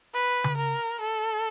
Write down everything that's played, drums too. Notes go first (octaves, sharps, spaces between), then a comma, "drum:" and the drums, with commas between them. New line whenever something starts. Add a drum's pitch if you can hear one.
B4
drum: tom C#3
A#4
A4